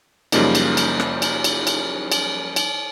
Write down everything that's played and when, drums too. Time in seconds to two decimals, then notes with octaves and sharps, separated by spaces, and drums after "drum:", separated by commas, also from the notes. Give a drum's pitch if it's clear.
0.32 F#2 C#3 F3 G3 A#3 D#4, drum: cymbal
0.55 drum: cymbal
0.77 drum: cymbal
1.00 drum: rim click
1.22 drum: cymbal
1.44 drum: cymbal
1.67 drum: cymbal
2.12 drum: cymbal
2.56 drum: cymbal